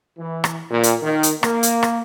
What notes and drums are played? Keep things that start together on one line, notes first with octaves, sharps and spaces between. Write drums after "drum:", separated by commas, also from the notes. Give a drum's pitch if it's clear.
E3
drum: rim click
A#2
drum: hi-hat
D#3
drum: hi-hat
A#3, drum: rim click
drum: hi-hat
drum: rim click